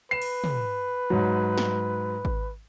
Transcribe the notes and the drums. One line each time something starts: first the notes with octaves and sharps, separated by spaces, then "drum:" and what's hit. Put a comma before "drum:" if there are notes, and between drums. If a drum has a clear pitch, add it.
B4 C7 E7
drum: cymbal
drum: tom
G#2 F#3
drum: snare
drum: kick G#1